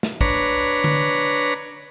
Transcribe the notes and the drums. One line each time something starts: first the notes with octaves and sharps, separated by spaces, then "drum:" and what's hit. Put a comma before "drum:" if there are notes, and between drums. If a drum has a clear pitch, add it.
drum: snare
D4 B4 C#5 A#5, drum: kick
drum: tom D3